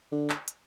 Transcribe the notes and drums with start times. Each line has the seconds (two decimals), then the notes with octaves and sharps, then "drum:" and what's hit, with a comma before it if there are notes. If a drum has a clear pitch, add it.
0.12 D3
0.30 drum: clap
0.48 drum: hi-hat